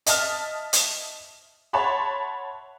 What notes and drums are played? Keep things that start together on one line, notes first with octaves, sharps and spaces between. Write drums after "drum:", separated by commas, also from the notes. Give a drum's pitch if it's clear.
D#5 E5 A5 F6, drum: hi-hat
drum: hi-hat
C#5 E5 F#5 A5 B5 C6